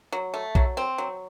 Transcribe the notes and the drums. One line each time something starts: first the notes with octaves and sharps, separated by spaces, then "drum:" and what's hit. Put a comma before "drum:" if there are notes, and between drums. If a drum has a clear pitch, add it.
F#3
A3
F#3, drum: kick B1
C4
F#3